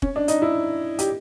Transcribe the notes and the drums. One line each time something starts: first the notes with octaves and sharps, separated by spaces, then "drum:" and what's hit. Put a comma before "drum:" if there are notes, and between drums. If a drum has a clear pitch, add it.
C#4, drum: kick
D4
D#4, drum: hi-hat
E4
G4, drum: hi-hat